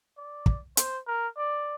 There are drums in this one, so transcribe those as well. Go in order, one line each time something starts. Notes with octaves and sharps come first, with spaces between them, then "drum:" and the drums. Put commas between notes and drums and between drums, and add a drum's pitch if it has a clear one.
D5
drum: kick
C5, drum: hi-hat
A#4
D5